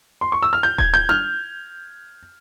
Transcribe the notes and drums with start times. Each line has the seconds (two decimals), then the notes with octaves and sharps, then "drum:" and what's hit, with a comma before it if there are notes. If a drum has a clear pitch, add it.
0.21 C6
0.32 C#6
0.42 E6
0.53 F6
0.63 G6
0.78 G#6, drum: kick D#1
0.94 G6
1.09 F6, drum: tom D4